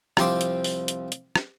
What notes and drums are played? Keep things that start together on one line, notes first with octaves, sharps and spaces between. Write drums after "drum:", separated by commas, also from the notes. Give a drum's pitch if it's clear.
C2 F3 C4 G5 C6 D6, drum: rim click
drum: hi-hat
drum: open hi-hat
drum: hi-hat
drum: hi-hat
drum: rim click